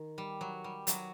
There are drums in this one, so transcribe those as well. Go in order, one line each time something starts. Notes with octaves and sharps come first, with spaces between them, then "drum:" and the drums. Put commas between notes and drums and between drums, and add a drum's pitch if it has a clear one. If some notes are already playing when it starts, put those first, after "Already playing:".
Already playing: D#3
G3
F#3
G3
F#3, drum: hi-hat